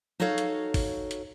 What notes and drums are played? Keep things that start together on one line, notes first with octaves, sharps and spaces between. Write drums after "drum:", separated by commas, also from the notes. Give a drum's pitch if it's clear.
D#4 F#4 A4 C#5 F5
drum: hi-hat
drum: kick G#1, open hi-hat
drum: hi-hat